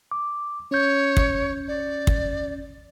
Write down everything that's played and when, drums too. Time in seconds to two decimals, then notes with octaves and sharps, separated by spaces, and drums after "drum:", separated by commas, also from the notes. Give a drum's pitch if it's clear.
0.11 D6
0.71 C#4 C#5 G6
1.17 drum: kick
1.68 D5
2.07 drum: kick